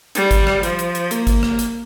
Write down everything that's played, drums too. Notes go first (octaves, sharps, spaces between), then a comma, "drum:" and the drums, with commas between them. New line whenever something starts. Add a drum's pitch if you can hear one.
G3, drum: hi-hat
drum: kick G#1, hi-hat
drum: rim click
F3, drum: hi-hat
drum: hi-hat
drum: hi-hat
A#3, drum: hi-hat
drum: kick G#1, hi-hat
drum: rim click
drum: hi-hat